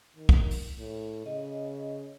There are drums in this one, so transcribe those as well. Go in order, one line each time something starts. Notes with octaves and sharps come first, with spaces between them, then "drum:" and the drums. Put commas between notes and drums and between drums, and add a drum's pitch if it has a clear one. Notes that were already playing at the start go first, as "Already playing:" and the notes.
D#3
drum: kick
drum: open hi-hat
A2
C#3 D#5